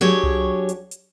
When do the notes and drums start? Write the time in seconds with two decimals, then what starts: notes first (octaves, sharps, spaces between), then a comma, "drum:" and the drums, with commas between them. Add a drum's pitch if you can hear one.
0.01 F#3 D4 G4 G#4 C#5
0.23 drum: tom C2
0.69 drum: hi-hat
0.91 drum: hi-hat